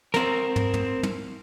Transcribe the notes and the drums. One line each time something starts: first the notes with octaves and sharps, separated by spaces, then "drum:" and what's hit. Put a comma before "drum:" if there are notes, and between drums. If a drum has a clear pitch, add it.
C4 A#4, drum: snare
drum: tom
drum: tom
drum: tom